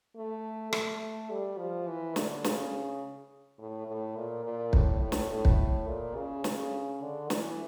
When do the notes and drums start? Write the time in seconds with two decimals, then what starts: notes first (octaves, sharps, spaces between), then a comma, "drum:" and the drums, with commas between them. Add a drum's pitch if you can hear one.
0.16 A3
0.73 A3, drum: rim click
1.30 G3
1.58 F3
1.87 E3
2.16 D3, drum: snare
2.44 C#3, drum: snare
3.59 A2
3.87 A2
4.16 A#2
4.44 A#2
4.73 A2, drum: kick
5.01 A2
5.12 drum: snare
5.30 A2
5.45 drum: kick
5.87 A#2
6.15 C#3
6.44 C#3, drum: snare
7.01 D3
7.30 E3, drum: snare